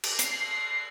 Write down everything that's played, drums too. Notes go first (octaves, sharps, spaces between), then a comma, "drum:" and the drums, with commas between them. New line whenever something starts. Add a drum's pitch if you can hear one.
drum: cymbal
C7, drum: hi-hat